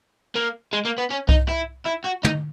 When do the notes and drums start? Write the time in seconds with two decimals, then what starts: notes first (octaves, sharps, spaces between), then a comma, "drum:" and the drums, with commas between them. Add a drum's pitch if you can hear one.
0.35 A#3
0.73 G#3
0.85 A#3
0.98 B3
1.11 C#4
1.29 D#4, drum: kick C2
1.49 E4
1.86 E4
2.05 F#4
2.24 D#4, drum: tom